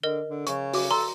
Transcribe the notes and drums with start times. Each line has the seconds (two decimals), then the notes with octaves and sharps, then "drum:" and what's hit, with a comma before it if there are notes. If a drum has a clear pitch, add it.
0.03 D3 A#4 D#5
0.28 D3
0.47 C#3 C#6, drum: hi-hat
0.74 F#4 D6, drum: open hi-hat
0.91 A4 A#5 C6